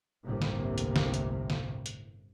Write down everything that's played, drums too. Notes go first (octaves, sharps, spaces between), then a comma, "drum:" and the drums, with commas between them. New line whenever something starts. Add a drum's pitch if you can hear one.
G1 C2 A2 C3 A#3
drum: snare
drum: hi-hat
drum: snare
drum: hi-hat
drum: snare
drum: hi-hat